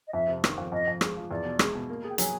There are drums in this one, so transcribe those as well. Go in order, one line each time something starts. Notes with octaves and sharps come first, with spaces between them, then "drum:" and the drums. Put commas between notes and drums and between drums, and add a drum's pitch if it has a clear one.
D#5
F2 E5
C3
D#3, drum: rim click
F2
F2 D#5
F2
G#3, drum: rim click
F3
E2 D5
B2
G#3, drum: rim click
B2
A#3
G#4
G5
F#3 G#5, drum: hi-hat